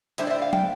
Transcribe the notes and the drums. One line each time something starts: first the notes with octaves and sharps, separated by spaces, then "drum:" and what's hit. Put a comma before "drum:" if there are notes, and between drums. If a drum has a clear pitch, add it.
A2 G3 D4 C5 E5, drum: hi-hat
D5
C5 E5
F5
G5, drum: tom